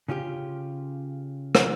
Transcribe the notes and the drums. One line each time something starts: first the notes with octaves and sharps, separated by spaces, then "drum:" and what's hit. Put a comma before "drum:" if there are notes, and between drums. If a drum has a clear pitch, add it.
C#3 C#4 F4 G4
drum: rim click